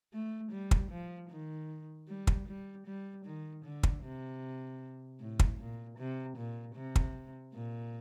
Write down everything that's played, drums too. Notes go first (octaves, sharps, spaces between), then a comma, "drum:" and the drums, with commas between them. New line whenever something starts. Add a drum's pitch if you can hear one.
A3
G3
drum: kick
F3
D#3
G3
drum: kick
G3
G3
D#3
D3
drum: kick
C3
A2
drum: kick
A#2
C3
A#2
C3
drum: kick
A#2